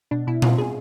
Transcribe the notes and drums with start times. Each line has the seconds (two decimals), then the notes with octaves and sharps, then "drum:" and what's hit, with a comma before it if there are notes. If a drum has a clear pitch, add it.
0.11 B2 D4
0.27 B2 E4
0.42 B2 F4, drum: tom A#2
0.58 B2 G#4